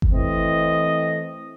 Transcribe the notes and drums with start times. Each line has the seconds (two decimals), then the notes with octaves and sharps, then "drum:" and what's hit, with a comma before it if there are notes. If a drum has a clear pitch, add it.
0.02 drum: kick G1
0.13 E3 A3 C4 D#5